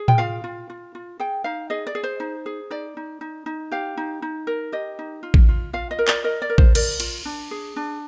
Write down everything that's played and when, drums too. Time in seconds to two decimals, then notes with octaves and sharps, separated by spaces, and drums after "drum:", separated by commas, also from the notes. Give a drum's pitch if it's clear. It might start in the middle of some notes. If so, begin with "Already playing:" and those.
Already playing: G#4
0.08 G5, drum: tom A2
0.18 F4 F5
0.44 F4
0.70 F4
0.95 F4
1.20 G#4 G5
1.44 D#4 F5
1.70 G#4 D#5
1.87 D5
1.95 G#4
2.03 C5
2.20 D#4
2.46 G#4
2.70 D#4 D5
2.97 D#4
3.21 D#4
3.46 D#4
3.71 G4 F5
3.97 D#4
4.22 D#4
4.47 A#4
4.72 G4 D#5
4.99 D#4
5.23 F4
5.34 drum: kick A1
5.49 F4
5.73 F4 F5
5.91 D#5
5.99 A#4
6.08 D5, drum: clap
6.24 A#4 D#5
6.42 D5
6.50 A#4
6.58 C5, drum: kick A1
6.75 A#4 D5, drum: cymbal
7.00 F4, drum: cymbal
7.25 D4
7.51 G#4
7.76 D4